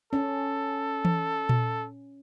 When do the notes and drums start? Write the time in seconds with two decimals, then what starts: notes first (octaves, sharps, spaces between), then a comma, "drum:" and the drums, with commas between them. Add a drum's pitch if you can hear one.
0.13 C#4 A4
1.05 drum: tom E3
1.49 drum: tom A#2